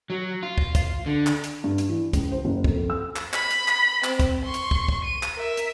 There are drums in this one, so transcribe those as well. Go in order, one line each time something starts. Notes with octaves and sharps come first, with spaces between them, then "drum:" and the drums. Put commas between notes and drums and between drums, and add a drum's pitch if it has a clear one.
F#3
F4
drum: kick
drum: kick, hi-hat
D3
drum: clap
drum: hi-hat
G2
drum: hi-hat
E3
C#2, drum: kick, hi-hat
C5
F#1
F2, drum: kick
E6
drum: clap
B5, drum: clap
drum: hi-hat
drum: clap
C4, drum: clap
drum: kick, hi-hat
C6 C#6
drum: hi-hat
drum: kick
drum: kick
D#7
drum: clap
A#4 E5
drum: hi-hat